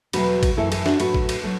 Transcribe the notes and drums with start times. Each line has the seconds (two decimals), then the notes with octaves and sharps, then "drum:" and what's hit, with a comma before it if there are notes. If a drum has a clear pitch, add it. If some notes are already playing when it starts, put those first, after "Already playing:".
0.13 E2 B2 F#3 A3 F#4 B4, drum: cymbal
0.43 drum: kick A1, cymbal
0.57 F#2 E3 A3 E4 A4
0.72 E4 A4, drum: cymbal
0.86 D4 F#4, drum: snare
1.00 A2 F#3 A3 F#4 B4, drum: cymbal
1.15 drum: kick A1
1.29 drum: cymbal
1.43 F#3 A3